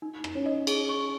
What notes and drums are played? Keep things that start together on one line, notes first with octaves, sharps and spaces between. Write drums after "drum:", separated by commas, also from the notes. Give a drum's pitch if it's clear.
D#4
D#4, drum: rim click
C#4
D#5
G#4, drum: cymbal
C#6